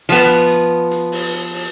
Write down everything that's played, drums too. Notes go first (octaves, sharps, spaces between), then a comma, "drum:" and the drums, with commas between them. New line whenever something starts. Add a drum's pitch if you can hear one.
F3 B3, drum: hi-hat
drum: hi-hat
drum: hi-hat
drum: hi-hat
drum: open hi-hat
drum: hi-hat
drum: open hi-hat